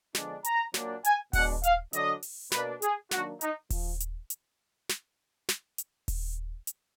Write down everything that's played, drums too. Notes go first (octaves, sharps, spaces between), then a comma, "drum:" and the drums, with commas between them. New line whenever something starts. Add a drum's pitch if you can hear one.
D3 F3 G#3 B3 D4, drum: snare
A#5, drum: hi-hat
A#2 F#3 A#3 D4, drum: snare
G#5, drum: hi-hat
B2 G#3 D4 F#5, drum: kick D#1, open hi-hat
F5, drum: hi-hat
D3 F#3 D4 D#5, drum: hi-hat
drum: open hi-hat
B2 A#3 D4 B4, drum: snare
G#4, drum: hi-hat
D#3 F#3 A#3 D4 F#4, drum: snare
D#4, drum: hi-hat
F3, drum: kick D#1, open hi-hat
drum: hi-hat
drum: hi-hat
drum: snare
drum: snare
drum: hi-hat
drum: kick D#1, open hi-hat
drum: hi-hat